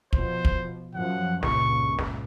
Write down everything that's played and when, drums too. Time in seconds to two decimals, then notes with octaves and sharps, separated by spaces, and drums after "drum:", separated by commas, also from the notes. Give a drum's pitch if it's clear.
0.13 B2 F3 C5, drum: kick
0.45 drum: kick
0.95 F#2 F3 F#5
1.43 C#2 G2 A#2 C#6, drum: snare
1.99 drum: snare